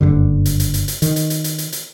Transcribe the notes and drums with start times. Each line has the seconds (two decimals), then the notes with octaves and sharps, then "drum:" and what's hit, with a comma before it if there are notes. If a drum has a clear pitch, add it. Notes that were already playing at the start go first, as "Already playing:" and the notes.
0.01 F#1 B1 G2 D3
0.46 drum: hi-hat
0.60 drum: hi-hat
0.74 drum: hi-hat
0.88 drum: hi-hat
1.02 D#3, drum: hi-hat
1.16 drum: hi-hat
1.30 drum: hi-hat
1.44 drum: hi-hat
1.58 drum: hi-hat
1.72 drum: hi-hat